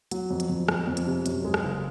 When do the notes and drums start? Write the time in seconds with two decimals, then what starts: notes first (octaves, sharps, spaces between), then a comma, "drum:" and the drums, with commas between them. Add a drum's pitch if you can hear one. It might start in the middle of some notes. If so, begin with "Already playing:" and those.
0.11 F#3, drum: hi-hat
0.31 F2
0.40 drum: hi-hat
0.49 F2
0.68 F2, drum: rim click
0.88 F2
0.97 drum: hi-hat
1.07 C3
1.26 F#2, drum: hi-hat
1.45 G#3
1.54 drum: rim click
1.64 F#1